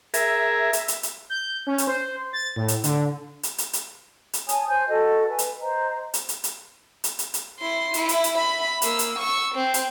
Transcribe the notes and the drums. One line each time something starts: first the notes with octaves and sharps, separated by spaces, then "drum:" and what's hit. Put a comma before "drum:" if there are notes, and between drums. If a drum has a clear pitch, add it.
G#4 A#4 E5, drum: hi-hat
drum: hi-hat
drum: hi-hat
drum: hi-hat
G6
C#4
drum: hi-hat
C5
A6
A2
drum: hi-hat
D3, drum: hi-hat
drum: hi-hat
drum: hi-hat
drum: hi-hat
drum: hi-hat
C#5 G#5 A5 D#6, drum: hi-hat
C5 G#5 G6
F#4 A4 D#5
B4 G#5
drum: hi-hat
C5 D#5 A#5
drum: hi-hat
drum: hi-hat
drum: hi-hat
drum: hi-hat
drum: hi-hat
drum: hi-hat
E4 C6
E4, drum: hi-hat
drum: hi-hat
drum: hi-hat
E5 B5
A#3 E6, drum: hi-hat
drum: hi-hat
C#6 E6
C4
drum: hi-hat